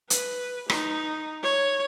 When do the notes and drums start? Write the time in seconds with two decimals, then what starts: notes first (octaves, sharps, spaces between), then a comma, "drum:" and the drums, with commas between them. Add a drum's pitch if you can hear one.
0.10 B4, drum: hi-hat
0.70 D#4, drum: rim click
1.43 C#5